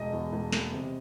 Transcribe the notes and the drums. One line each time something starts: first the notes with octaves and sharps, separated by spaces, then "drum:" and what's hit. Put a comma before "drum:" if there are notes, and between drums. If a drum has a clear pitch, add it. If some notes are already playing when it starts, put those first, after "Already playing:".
Already playing: E1 D#5
E2
E1
E2, drum: snare
C3